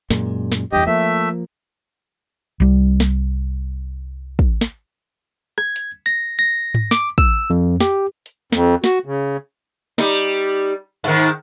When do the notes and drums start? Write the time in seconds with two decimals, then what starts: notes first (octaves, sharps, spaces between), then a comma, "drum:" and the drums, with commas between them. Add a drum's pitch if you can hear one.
0.10 F#2 A#2 G#3, drum: snare
0.52 drum: snare
0.72 E2 G2 G4 D#5
0.87 F3 A3 A#3 E5
2.60 C2 G3
3.00 drum: snare
4.39 drum: kick
4.61 drum: snare
5.58 G#6, drum: rim click
5.76 drum: hi-hat
6.06 A#6, drum: hi-hat
6.39 A#6
6.74 drum: tom G#2
6.91 D6, drum: snare
7.18 E6, drum: kick
7.50 F2
7.80 G4, drum: snare
8.26 drum: hi-hat
8.52 F2, drum: snare
8.84 F#4, drum: snare
9.06 C#3
9.98 G3 D#4, drum: snare
11.04 G#2 D#3